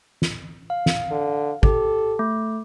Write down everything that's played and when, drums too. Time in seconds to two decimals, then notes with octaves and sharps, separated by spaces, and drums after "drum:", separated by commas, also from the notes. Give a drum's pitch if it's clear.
0.22 drum: snare
0.70 F5
0.86 drum: snare
1.11 D3
1.63 G4 A4, drum: kick
2.19 A3